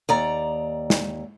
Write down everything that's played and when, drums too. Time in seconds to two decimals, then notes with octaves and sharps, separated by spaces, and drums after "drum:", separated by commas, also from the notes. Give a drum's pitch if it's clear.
0.09 D#2 D5 A#5
0.90 drum: snare